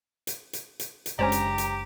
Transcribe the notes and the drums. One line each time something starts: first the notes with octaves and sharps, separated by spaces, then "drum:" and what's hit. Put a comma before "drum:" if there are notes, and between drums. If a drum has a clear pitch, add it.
drum: hi-hat
drum: hi-hat
drum: hi-hat
drum: hi-hat
F#1 G#3 C#4 D4 G4 C5 D5 A#5
drum: hi-hat
drum: hi-hat